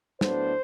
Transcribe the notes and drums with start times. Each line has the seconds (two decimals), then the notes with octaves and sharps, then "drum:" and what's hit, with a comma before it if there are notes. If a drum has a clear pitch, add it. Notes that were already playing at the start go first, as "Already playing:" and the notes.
0.21 A2 F#3 B3 D4 C5, drum: snare